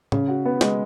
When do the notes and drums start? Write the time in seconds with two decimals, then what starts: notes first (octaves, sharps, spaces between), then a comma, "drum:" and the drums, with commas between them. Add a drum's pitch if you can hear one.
0.12 C#3, drum: tom
0.28 F#4
0.45 B3
0.61 G#3, drum: snare